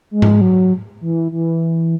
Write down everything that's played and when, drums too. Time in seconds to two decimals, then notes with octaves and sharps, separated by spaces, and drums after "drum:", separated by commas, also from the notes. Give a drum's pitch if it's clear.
0.11 G#3
0.22 drum: tom G#2
0.41 F#3
1.01 E3
1.32 E3